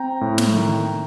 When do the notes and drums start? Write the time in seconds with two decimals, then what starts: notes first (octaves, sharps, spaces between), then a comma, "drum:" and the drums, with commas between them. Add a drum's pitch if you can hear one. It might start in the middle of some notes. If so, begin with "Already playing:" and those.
Already playing: C4 G5 A#5
0.21 A2
0.38 drum: snare
0.56 D#3